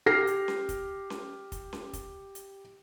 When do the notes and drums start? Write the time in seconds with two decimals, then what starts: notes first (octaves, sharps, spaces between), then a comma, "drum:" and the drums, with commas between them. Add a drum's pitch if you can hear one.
0.06 G4 F6 A#6 C7
0.27 drum: hi-hat
0.48 drum: snare C#4
0.69 drum: kick, hi-hat
1.10 drum: snare C#4
1.52 drum: kick, hi-hat
1.73 drum: snare C#4
1.93 drum: kick, hi-hat
2.35 drum: hi-hat